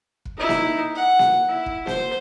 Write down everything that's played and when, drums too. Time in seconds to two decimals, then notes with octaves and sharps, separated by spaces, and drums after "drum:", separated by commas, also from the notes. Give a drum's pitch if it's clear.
0.25 drum: kick
0.37 D#4 E4
0.49 drum: snare A#3
0.96 F#5
1.19 drum: snare A#3
1.49 E4
1.66 drum: kick
1.87 C5, drum: snare A#3